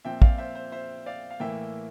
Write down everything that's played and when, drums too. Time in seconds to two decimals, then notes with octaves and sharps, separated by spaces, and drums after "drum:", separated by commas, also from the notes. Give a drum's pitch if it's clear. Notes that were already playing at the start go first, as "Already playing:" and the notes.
0.05 A#2 F3 C4 E5 G5
0.22 D5 F5, drum: kick
0.38 C5 E5
0.55 C5
0.72 C5 E5
1.06 D5 F5
1.30 F5
1.40 A2 E3 A#3 E5 G5